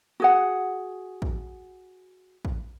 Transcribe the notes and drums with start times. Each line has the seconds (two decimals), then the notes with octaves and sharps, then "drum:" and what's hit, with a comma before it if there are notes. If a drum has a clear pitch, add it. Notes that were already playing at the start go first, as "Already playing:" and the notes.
0.20 F#4 G#4 F#5
1.22 drum: kick
2.45 drum: kick